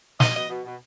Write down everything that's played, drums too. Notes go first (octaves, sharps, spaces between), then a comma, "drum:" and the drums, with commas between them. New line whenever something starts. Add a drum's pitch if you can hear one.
B2 D#5, drum: snare
B2 D#5
B2
B2